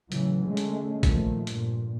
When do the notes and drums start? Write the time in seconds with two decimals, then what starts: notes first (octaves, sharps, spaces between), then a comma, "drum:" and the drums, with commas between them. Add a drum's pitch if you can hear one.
0.12 E2 A2 C#3 E3 F#3, drum: hi-hat
0.47 D3 G#3 A3 C#4
0.57 drum: hi-hat
1.03 A#2 D#3 F3 A3, drum: kick A#1, hi-hat
1.47 G2 A#2, drum: hi-hat